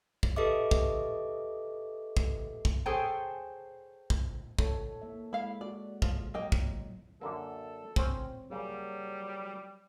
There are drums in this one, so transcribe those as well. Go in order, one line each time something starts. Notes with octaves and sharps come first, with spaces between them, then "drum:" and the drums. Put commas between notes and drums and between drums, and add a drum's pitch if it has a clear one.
drum: kick
G4 A4 B4 D#5 E5 D6
drum: kick
drum: kick
drum: kick
G#4 A4 C5 C#5 G5 G#5
drum: kick
A4 C#5, drum: kick
A#3 E5
G#3 E4 F5
F#4 D5
F3, drum: kick
F#3 A#3 D#5 G5
drum: kick
F#2 D3 A#3 A4
C4 C#4 C5, drum: kick
C#3 F#3 G3 A#3